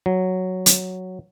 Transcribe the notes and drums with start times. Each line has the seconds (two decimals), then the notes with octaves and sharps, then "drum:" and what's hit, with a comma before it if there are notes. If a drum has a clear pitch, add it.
0.06 F#3
0.66 drum: hi-hat